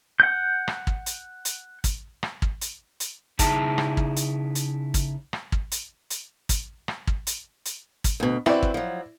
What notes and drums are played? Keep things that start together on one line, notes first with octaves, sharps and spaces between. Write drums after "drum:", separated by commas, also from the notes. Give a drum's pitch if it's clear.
F#5 G6
drum: rim click
drum: kick
drum: hi-hat
drum: hi-hat
drum: kick, hi-hat
drum: rim click
drum: kick
drum: hi-hat
drum: hi-hat
C#3 D#4 E4 G#4 A5, drum: kick, hi-hat
drum: rim click
drum: kick
drum: hi-hat
drum: hi-hat
drum: kick, hi-hat
drum: rim click
drum: kick
drum: hi-hat
drum: hi-hat
drum: kick, hi-hat
drum: rim click
drum: kick
drum: hi-hat
drum: hi-hat
drum: kick, hi-hat
D2 B2
C4 E4 F#4 B4 D5, drum: rim click
drum: kick
F3 F#3